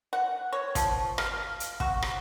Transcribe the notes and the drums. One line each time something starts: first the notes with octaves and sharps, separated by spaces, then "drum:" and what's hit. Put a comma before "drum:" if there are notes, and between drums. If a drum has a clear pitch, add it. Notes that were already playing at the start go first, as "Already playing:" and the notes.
F#5
C#5
F3, drum: kick, hi-hat
F5, drum: rim click
drum: hi-hat
F#4, drum: kick
drum: rim click